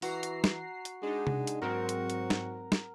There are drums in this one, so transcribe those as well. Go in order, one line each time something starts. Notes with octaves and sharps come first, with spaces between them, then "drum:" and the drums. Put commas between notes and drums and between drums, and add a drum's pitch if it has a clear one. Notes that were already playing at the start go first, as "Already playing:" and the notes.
E3 F#4 A#5 C7, drum: open hi-hat
drum: hi-hat
drum: snare
drum: hi-hat
G#3 D4 D#4
drum: tom C3
drum: hi-hat
G#2 F#3 C4 F#4 A#4
drum: hi-hat
drum: hi-hat
drum: snare
drum: snare